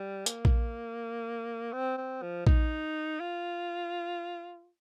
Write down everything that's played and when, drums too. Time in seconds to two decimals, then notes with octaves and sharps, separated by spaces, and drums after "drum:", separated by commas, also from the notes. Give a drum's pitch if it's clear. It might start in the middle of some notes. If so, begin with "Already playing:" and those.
Already playing: G3
0.26 A#3, drum: hi-hat
0.45 drum: kick A#1
1.73 C4
1.97 C4
2.22 F3
2.47 D#4, drum: kick A#1
3.20 F4